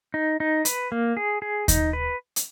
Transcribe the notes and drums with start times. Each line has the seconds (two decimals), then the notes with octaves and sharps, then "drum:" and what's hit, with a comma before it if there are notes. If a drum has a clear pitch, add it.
0.14 D#4
0.40 D#4
0.65 B4, drum: hi-hat
0.92 A#3
1.17 G#4
1.42 G#4
1.68 D#4, drum: kick D#2, hi-hat
1.93 B4
2.36 drum: hi-hat